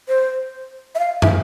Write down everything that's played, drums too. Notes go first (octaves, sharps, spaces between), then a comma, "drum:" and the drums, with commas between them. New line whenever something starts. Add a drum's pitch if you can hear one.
C5
E5
F5
E5, drum: tom